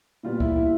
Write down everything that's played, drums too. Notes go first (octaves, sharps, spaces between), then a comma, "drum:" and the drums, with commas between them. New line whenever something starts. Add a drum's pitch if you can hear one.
A#2 G3 B3 F4
E4, drum: kick C#2
E4